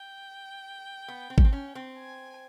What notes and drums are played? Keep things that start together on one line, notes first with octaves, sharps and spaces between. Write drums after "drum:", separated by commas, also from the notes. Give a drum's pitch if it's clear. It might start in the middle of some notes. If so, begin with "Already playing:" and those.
Already playing: G5
B3
C4
C#4, drum: kick
C4
C#4
C4
G#5